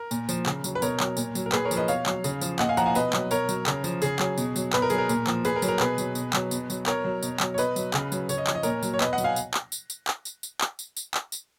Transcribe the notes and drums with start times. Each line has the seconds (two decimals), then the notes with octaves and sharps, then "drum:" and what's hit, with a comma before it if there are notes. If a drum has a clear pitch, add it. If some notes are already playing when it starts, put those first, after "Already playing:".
Already playing: A#4
0.11 A#2, drum: tambourine
0.29 F3, drum: tambourine
0.46 C#3, drum: clap
0.64 F#3, drum: tambourine
0.75 B4
0.82 B2 A#4 C#5, drum: tambourine
1.00 F#3, drum: clap
1.17 A#2, drum: tambourine
1.35 F#3, drum: tambourine
1.46 A#4
1.52 A#2 G#4 B4, drum: clap
1.65 A#4 C#5
1.71 F3, drum: tambourine
1.77 B4 D#5
1.88 B2 C#5 F5, drum: tambourine
2.06 F#3, drum: clap
2.24 C#3, drum: tambourine
2.41 F3, drum: tambourine
2.59 A#2 D#5 F#5, drum: clap
2.69 F5 G#5
2.77 F3 F#5 A#5, drum: tambourine
2.86 F5 G#5
2.95 B2 B4 D#5, drum: tambourine
3.13 F#3, drum: clap
3.31 B2 A#4 C#5, drum: tambourine
3.49 F#3, drum: tambourine
3.67 C#3, drum: clap
3.84 F3, drum: tambourine
4.02 C#3 G#4, drum: tambourine
4.19 F#3, drum: clap
4.37 B2, drum: tambourine
4.56 F#3, drum: tambourine
4.73 B2 B4, drum: clap
4.82 A#4
4.90 F#3 G#4, drum: tambourine
4.98 A#4
5.09 A#2, drum: tambourine
5.27 F3, drum: clap
5.45 A#2 G#4 B4, drum: tambourine
5.56 A#4
5.62 F#3, drum: tambourine
5.68 A#4
5.80 B2 G#4 B4, drum: clap
5.98 F#3, drum: tambourine
6.15 B2, drum: tambourine
6.33 F#3, drum: clap
6.51 B2, drum: tambourine
6.70 F#3, drum: tambourine
6.86 B2 A#4 C#5, drum: clap
7.05 F#3
7.23 B2, drum: tambourine
7.40 F#3, drum: clap
7.54 C#5
7.58 B2 B4 D#5, drum: tambourine
7.76 F#3, drum: tambourine
7.94 C#3, drum: clap
8.12 F#3, drum: tambourine
8.29 C#3 C#5, drum: tambourine
8.38 D#5
8.47 F3 C#5, drum: clap
8.55 D#5
8.63 A#2 A#4 C#5, drum: tambourine
8.83 F#3, drum: tambourine
8.94 C#5
9.01 B2 B4 D#5, drum: clap
9.13 D#5 F#5
9.18 F#3, drum: tambourine
9.24 F5 G#5
9.36 drum: tambourine
9.54 drum: clap
9.72 drum: tambourine
9.90 drum: tambourine
10.08 drum: clap
10.25 drum: tambourine
10.43 drum: tambourine
10.61 drum: clap
10.79 drum: tambourine
10.97 drum: tambourine
11.14 drum: clap
11.32 drum: tambourine